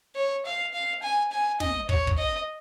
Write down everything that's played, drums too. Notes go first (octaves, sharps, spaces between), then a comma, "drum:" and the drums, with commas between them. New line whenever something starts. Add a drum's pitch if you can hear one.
C#5
F5
F5
G#5
G#5
D#5, drum: snare
C#5, drum: kick
drum: kick
D#5